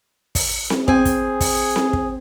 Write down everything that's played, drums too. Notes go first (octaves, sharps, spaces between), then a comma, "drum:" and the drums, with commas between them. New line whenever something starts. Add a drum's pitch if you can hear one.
drum: kick, open hi-hat
drum: snare C4
C4 G#4 G#5, drum: kick
drum: kick, hi-hat
drum: kick, open hi-hat
drum: snare C4
drum: kick